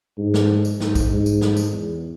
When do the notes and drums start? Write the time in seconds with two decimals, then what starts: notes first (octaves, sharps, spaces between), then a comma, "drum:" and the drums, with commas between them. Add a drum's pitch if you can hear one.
0.18 G#2
0.34 drum: snare
0.65 drum: tambourine
0.80 G#2, drum: snare
0.95 drum: kick, tambourine
1.10 G#2
1.26 drum: tambourine
1.41 drum: snare
1.57 drum: tambourine
1.72 E2